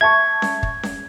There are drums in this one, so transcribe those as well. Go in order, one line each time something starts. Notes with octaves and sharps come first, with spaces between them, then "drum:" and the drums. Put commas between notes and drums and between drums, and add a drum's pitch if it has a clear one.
E5 A5 C#6 G#6
drum: snare C#4
drum: kick
drum: snare C#4